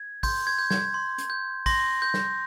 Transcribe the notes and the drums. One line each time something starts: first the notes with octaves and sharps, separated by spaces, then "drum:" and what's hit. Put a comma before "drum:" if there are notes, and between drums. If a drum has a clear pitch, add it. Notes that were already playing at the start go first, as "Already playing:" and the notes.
Already playing: G#6
C6 G6, drum: kick, open hi-hat
G#6
G6
G#6, drum: snare
C6
drum: hi-hat
G6
C6 A#6, drum: kick, open hi-hat
G6
drum: snare